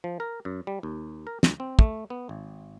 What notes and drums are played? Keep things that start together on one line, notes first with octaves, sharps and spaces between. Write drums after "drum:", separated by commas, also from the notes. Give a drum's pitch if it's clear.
F3
A#4
F#2
G3
D#2
A#4
D2, drum: snare
C4
A3, drum: kick
B3
G#1